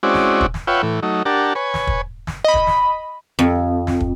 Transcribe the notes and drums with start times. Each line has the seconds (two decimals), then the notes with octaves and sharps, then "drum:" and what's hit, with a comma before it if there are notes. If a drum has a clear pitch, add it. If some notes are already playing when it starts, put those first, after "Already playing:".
0.03 G#3 C4 C#4 E4 F#4 D5
0.14 drum: snare
0.41 drum: kick
0.54 drum: snare
0.67 F4 B4 C#5 E5 F#5 G5
0.82 A2 E3
1.03 F#3 A3 D#4
1.25 D4 G4 A#4 F#5 A5
1.55 B4 C#5 G#5
1.74 drum: snare
1.87 drum: kick
2.27 drum: snare
2.45 D#5 B5
2.54 drum: kick
2.67 drum: snare
3.39 F2
3.87 drum: snare
4.00 drum: kick